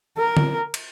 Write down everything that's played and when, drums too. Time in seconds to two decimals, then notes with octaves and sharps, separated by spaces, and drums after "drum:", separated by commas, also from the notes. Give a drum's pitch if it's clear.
0.18 A#4
0.37 drum: tom
0.74 drum: cymbal